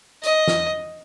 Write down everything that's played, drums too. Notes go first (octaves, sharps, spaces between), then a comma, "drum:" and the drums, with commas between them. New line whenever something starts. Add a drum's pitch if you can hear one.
D#5, drum: hi-hat
drum: snare